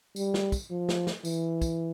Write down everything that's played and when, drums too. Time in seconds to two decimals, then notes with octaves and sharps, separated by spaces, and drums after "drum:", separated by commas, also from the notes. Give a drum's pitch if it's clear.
0.16 G3, drum: tambourine
0.34 drum: snare
0.52 drum: kick, tambourine
0.71 F3
0.89 drum: snare
1.07 drum: snare
1.25 E3, drum: tambourine
1.61 drum: kick, tambourine